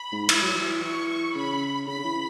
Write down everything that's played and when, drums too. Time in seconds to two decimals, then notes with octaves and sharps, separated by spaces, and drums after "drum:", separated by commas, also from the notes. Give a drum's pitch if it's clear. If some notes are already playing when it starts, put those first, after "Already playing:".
Already playing: B5
0.12 G#2
0.29 E3, drum: cymbal
0.42 F#3
0.55 E3
0.82 E3 C#6
1.35 C#3 B5
1.87 C#3 B5
1.99 C#3
2.05 E3